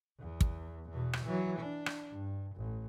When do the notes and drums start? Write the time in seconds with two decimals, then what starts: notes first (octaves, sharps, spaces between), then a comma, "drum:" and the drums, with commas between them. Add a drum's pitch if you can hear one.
0.20 E2
0.41 drum: kick
0.89 E2 B2
1.13 drum: rim click
1.26 E3 F#3
1.59 D4
1.86 drum: rim click
2.12 G2
2.56 A1